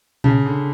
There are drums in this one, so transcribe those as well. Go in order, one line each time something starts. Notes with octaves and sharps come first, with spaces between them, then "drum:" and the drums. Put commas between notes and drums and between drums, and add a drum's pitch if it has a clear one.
C#3 C#4, drum: tom A#2
D3